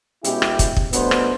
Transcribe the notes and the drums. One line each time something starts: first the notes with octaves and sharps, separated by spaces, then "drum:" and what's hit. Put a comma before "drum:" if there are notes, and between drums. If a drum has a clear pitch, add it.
B2 G#3 C#4 E4 G4, drum: hi-hat
drum: rim click
drum: kick, hi-hat
drum: kick
B2 G3 A3 B3 D4 C5, drum: hi-hat
drum: rim click